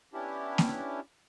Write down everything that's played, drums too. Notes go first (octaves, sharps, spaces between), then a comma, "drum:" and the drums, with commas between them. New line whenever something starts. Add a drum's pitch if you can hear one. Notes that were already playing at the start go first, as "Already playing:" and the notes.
B3 C#4 D4 E4 G4
drum: snare A#3